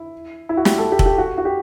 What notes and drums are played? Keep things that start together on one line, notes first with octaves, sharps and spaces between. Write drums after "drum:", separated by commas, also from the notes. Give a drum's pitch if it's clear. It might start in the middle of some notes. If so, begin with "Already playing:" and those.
Already playing: E4
E4
F#4
G4, drum: snare
A4
G4
A4, drum: kick F1
G4
F#4
F#4
G4